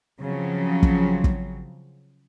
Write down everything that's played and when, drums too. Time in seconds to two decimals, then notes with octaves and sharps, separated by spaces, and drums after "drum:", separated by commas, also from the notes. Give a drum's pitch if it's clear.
0.20 C#3 F3 F#3 C4
0.83 drum: kick
1.24 drum: kick